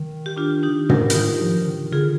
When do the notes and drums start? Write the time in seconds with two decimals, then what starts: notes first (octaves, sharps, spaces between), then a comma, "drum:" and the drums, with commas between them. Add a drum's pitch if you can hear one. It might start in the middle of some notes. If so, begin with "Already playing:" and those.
Already playing: D#3
0.26 G4
0.37 D4 F4
0.63 D#4 G4
0.89 G4 A#4, drum: tom
1.10 F4, drum: hi-hat
1.14 D#3 D#4 G4
1.41 F3
1.67 D#3
1.83 D#3
1.92 D3 F4 G#4